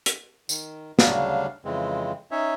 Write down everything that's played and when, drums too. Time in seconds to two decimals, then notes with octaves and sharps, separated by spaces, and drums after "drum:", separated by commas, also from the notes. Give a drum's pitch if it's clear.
0.06 drum: hi-hat
0.49 D#3, drum: tambourine
0.99 D2 C#3 F#3 G3 D4 F5, drum: snare
1.65 F2 C#3 E3 G#3 C4
2.31 C#4 D#4 C#5 E5